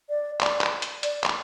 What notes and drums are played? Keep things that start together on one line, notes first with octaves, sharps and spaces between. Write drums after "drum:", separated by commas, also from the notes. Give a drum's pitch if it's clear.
D5
D5, drum: clap
drum: clap
drum: hi-hat
D5, drum: hi-hat
drum: clap